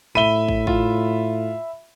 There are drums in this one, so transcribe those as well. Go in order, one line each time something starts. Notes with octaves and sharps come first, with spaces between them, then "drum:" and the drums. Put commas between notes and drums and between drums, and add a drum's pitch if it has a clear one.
A2 E5 B5 D#7 G7
drum: kick
F4, drum: kick